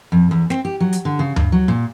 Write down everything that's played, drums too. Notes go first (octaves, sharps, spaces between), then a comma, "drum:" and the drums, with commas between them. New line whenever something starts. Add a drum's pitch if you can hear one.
F2
E2
C4, drum: snare
G4
F#3
drum: hi-hat
D3
C#3
G2, drum: tom D2
F#3
A#2